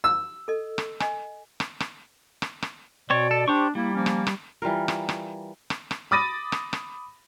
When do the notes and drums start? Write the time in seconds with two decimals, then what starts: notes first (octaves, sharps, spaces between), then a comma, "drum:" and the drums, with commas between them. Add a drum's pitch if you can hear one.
0.04 E6
0.48 A4 D#5
0.78 drum: rim click
1.00 D#5 G#5, drum: rim click
1.60 drum: rim click
1.80 drum: rim click
2.42 drum: rim click
2.62 drum: rim click
3.10 B2 C4 C#5 D5
3.31 A4
3.48 D4 G4 C5 C#6
3.75 G3 A#3 E4
3.94 F3 A#3 C#4
4.06 drum: rim click
4.27 drum: rim click
4.62 E3 G3 F4 A#4
4.88 drum: rim click
5.09 drum: rim click
5.70 drum: rim click
5.91 drum: rim click
6.11 B5 D6 D#6 A6 A#6 D#7
6.52 drum: rim click
6.73 drum: rim click